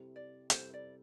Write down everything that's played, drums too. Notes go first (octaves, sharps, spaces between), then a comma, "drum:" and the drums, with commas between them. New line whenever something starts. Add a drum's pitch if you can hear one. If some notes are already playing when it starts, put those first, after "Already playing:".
Already playing: C3 G3 C4 E4 A4
D5
C3 G3 C4 E4 A4 C5, drum: hi-hat
D5